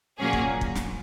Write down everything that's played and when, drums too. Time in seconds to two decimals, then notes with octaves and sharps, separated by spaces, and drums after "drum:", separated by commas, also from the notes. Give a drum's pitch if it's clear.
0.19 A#2 F#3 A#3 C#4 G#4
0.33 drum: kick
0.61 drum: kick
0.75 drum: snare